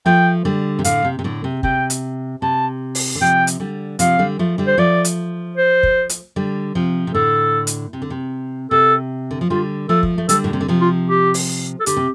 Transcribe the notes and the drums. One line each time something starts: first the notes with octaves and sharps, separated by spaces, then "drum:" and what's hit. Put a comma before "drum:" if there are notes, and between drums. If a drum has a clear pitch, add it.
F3 A3 G5
D3 G3
C3
A2 D3 F5, drum: hi-hat
C3
C3
A2 D3
C3
C3 G5, drum: kick
drum: hi-hat
C3 A5
drum: open hi-hat
D3
C3 F3 G5
drum: hi-hat
D3 G3
C3 F3 F5, drum: hi-hat
D3 G3
F3 A3
D3 G3
C5
F3 A3 D5
drum: hi-hat
C5
drum: kick
drum: hi-hat
D3 G3
C3 F3
C3
A2 D3 A4
drum: hi-hat
C3
D3
C3
C3 A4
D3
F3
D3 G3 F4
F3 A3 A4
drum: kick
A3
D3 G3 A4, drum: hi-hat
A2
C3
D3
C3 F3
F4
G4
drum: open hi-hat
A4
D3 G4, drum: hi-hat
C3